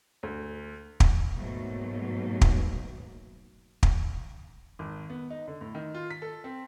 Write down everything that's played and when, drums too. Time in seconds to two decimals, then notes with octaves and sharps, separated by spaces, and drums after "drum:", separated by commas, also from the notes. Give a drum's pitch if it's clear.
0.23 D2
1.00 drum: kick
1.37 G#2 B2 F#3 A3 A#3
2.41 drum: kick
3.83 drum: kick
4.79 G#1
5.10 B3
5.30 D#4
5.48 D3
5.61 A2
5.75 D#3
5.94 F4
6.10 B6
6.22 A4
6.44 C4